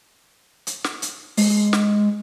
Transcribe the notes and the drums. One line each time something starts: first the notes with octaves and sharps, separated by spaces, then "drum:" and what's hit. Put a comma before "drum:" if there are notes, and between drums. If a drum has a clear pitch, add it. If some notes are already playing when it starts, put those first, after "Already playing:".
drum: hi-hat
drum: snare
drum: hi-hat
G#3, drum: open hi-hat
drum: snare